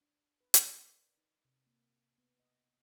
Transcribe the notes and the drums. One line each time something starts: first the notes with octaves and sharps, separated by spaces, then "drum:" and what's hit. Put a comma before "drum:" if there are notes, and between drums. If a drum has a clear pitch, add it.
D4
B4
A#4, drum: hi-hat
D5
D#4
C3
A#3
B3
D#5